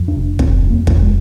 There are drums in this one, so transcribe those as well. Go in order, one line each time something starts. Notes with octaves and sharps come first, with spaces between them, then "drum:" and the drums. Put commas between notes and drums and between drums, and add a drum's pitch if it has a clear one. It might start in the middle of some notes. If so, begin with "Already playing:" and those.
Already playing: F2
D4
F1
F1 C4, drum: kick
F1
A#3
F2, drum: kick
G#3